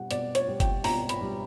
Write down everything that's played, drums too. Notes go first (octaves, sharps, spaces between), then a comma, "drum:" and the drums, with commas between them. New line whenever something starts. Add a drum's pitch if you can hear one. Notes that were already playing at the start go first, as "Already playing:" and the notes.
Already playing: B2 G3 F#5
B2 D5, drum: hi-hat
C#5, drum: hi-hat
G3
G5, drum: kick G1, hi-hat
B2 A#5, drum: open hi-hat
B5, drum: hi-hat
G3